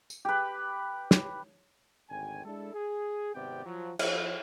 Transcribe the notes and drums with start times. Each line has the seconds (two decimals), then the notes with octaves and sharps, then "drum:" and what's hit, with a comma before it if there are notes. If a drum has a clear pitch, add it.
0.10 drum: tambourine
0.25 G4 B4
1.11 drum: snare
2.10 G#1 D2 G5 G#5
2.44 G#3 D4 E4 A4
2.73 G#4
3.35 G#1 C3 B3 G4 D5 G5
3.65 F3 F#3
3.99 F3 E4, drum: cymbal